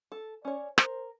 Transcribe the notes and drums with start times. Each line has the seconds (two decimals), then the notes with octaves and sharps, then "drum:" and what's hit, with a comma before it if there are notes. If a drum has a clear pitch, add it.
0.12 A4
0.45 C#4 C#5 D5
0.78 A#4 C5, drum: rim click